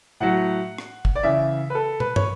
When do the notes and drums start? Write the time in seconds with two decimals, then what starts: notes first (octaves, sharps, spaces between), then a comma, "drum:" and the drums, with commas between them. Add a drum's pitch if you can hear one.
0.20 A2 F#3 F#5
0.78 drum: rim click
1.05 drum: kick
1.15 D5
1.23 C#3 E3 E5
1.70 B4
1.75 A4
2.00 B4, drum: tom
2.16 C#5, drum: tom